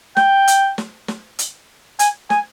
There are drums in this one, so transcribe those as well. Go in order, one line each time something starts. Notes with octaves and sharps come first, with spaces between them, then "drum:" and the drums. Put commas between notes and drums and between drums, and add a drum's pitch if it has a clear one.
G5, drum: snare
drum: hi-hat
drum: snare
drum: snare
drum: hi-hat
G#5, drum: hi-hat
G#5, drum: snare